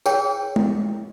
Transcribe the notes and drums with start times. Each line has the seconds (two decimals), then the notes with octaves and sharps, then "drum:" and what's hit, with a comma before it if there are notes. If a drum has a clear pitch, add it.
0.06 G#4 A#4 C#5 G5, drum: tambourine
0.56 drum: tom G#3